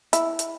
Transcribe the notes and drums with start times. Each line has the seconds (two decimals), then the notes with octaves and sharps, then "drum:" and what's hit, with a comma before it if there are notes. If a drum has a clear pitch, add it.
0.13 E4, drum: hi-hat
0.39 drum: hi-hat